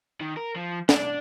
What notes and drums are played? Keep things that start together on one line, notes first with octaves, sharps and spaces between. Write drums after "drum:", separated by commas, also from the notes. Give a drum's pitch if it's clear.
D#3
A#4
F3
D4, drum: snare